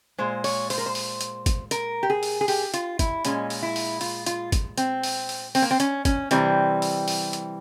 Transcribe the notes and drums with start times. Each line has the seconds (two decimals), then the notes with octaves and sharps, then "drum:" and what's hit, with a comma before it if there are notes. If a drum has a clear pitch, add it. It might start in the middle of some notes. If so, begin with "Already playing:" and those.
0.18 A#2 G#3 C5
0.44 C#5, drum: open hi-hat
0.70 C5, drum: open hi-hat
0.78 A#4
0.86 C5
0.95 drum: open hi-hat
1.21 drum: hi-hat
1.46 drum: kick, hi-hat
1.71 A#4, drum: hi-hat
2.03 G4
2.10 G#4
2.23 drum: open hi-hat
2.41 G#4
2.48 G4, drum: open hi-hat
2.74 F4, drum: hi-hat
2.99 E4, drum: kick, hi-hat
3.25 A#2 G#3 C#4, drum: hi-hat
3.50 drum: open hi-hat
3.62 E4
3.76 drum: open hi-hat
4.01 F4, drum: open hi-hat
4.26 F4, drum: hi-hat
4.52 drum: kick, hi-hat
4.78 C4, drum: hi-hat
5.03 drum: open hi-hat
5.29 drum: open hi-hat
5.55 C4, drum: open hi-hat
5.62 A#3
5.71 C4
5.80 C#4, drum: hi-hat
6.05 C#4, drum: kick, hi-hat
6.31 C3 E3 G3 C4, drum: hi-hat
6.82 drum: open hi-hat
7.08 drum: open hi-hat
7.33 drum: hi-hat